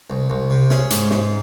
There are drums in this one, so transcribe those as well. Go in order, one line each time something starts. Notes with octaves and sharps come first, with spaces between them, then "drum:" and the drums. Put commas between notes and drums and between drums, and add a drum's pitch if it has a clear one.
C2
C2
C3
C#4 G#4, drum: snare
G#2, drum: hi-hat
G#2, drum: snare